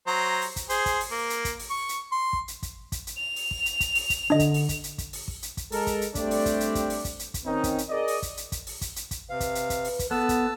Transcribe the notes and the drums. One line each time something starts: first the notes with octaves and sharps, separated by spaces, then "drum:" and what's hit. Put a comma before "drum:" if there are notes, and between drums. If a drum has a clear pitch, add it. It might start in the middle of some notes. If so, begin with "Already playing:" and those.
F#3 C5 A#5
drum: open hi-hat
drum: kick, hi-hat
G#4 C5, drum: hi-hat
drum: kick, hi-hat
drum: open hi-hat
A#3
drum: hi-hat
drum: kick, hi-hat
drum: open hi-hat
C#6
drum: hi-hat
C6
drum: kick
drum: hi-hat
drum: kick, hi-hat
drum: kick, hi-hat
drum: hi-hat
F7
drum: open hi-hat
drum: kick
drum: hi-hat
drum: kick, hi-hat
drum: open hi-hat
drum: kick, hi-hat
D3 D4 D#5
drum: kick, hi-hat
drum: open hi-hat
drum: kick, hi-hat
drum: hi-hat
drum: kick, hi-hat
drum: open hi-hat
drum: kick
drum: hi-hat
drum: kick, hi-hat
G#3 A4 A#4, drum: open hi-hat
drum: kick, hi-hat
drum: hi-hat
G3 A3 C4 D4 G4 D5, drum: kick, hi-hat
drum: open hi-hat
drum: kick, hi-hat
drum: hi-hat
drum: kick, hi-hat
drum: open hi-hat
drum: kick, hi-hat
drum: hi-hat
drum: kick, hi-hat
D#3 C4 C#4 D#4
drum: kick, hi-hat
drum: hi-hat
G#4 A#4 D5 D#5
drum: open hi-hat
drum: kick, hi-hat
drum: hi-hat
drum: kick, hi-hat
drum: open hi-hat
drum: kick, hi-hat
drum: hi-hat
drum: kick, hi-hat
C3 B4 F5
drum: kick, hi-hat
drum: hi-hat
drum: kick, hi-hat
drum: open hi-hat
drum: kick, hi-hat
B3 A4 A5 E6
drum: kick, hi-hat